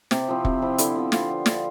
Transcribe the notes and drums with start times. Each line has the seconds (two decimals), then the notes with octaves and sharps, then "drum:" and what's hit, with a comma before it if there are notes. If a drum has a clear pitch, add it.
0.11 C3 G4, drum: snare
0.28 F3 C4 E4
0.45 C3, drum: kick
0.62 F3 C4 E4
0.78 D3 E4, drum: hi-hat
0.96 F3 B3
1.12 D3 F4, drum: snare
1.29 F3 B3
1.46 D3, drum: snare